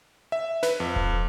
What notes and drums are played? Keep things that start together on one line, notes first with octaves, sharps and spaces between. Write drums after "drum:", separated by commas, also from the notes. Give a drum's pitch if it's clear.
E5
B4, drum: snare
F2
drum: kick D#1